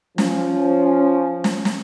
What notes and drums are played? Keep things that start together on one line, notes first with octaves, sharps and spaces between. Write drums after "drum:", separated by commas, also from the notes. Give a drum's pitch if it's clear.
F3 C#4, drum: snare
drum: snare
drum: snare